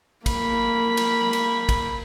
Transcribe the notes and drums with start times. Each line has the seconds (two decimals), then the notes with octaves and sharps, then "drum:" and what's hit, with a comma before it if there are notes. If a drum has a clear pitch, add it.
0.26 A#3 B5, drum: kick, cymbal
0.97 drum: cymbal
1.33 drum: cymbal
1.69 drum: kick, cymbal